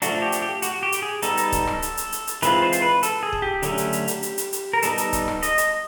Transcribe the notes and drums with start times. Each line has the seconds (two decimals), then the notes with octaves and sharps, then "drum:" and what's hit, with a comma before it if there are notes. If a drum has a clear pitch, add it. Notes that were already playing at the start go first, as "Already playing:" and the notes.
0.02 F3 A3 D4 F#4, drum: hi-hat
0.22 G4
0.32 drum: hi-hat
0.42 G4
0.62 F#4, drum: hi-hat
0.83 G4
0.92 drum: hi-hat
1.02 G#4
1.22 G3 B3 D#4 A4, drum: hi-hat
1.37 drum: hi-hat
1.52 drum: kick, hi-hat
1.67 drum: rim click
1.82 drum: hi-hat
1.97 drum: hi-hat
2.12 drum: hi-hat
2.27 drum: hi-hat
2.42 E3 G#3 C4 F4 B4, drum: hi-hat
2.62 C5
2.72 drum: hi-hat
2.82 B4
3.03 A4, drum: hi-hat
3.23 G#4
3.33 drum: kick
3.42 G4
3.62 D3 F#3 A3 C#4, drum: hi-hat
3.78 drum: hi-hat
3.93 drum: hi-hat
4.08 drum: hi-hat
4.23 drum: hi-hat
4.38 drum: hi-hat
4.53 drum: hi-hat
4.73 A#4
4.82 G3 B3 D#4 A4, drum: hi-hat
4.98 drum: hi-hat
5.13 drum: kick, hi-hat
5.28 drum: rim click
5.43 D#5, drum: hi-hat
5.58 drum: hi-hat